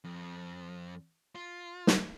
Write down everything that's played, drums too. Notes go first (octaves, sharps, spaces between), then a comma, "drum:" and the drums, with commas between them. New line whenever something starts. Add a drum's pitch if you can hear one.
F2
F4
drum: snare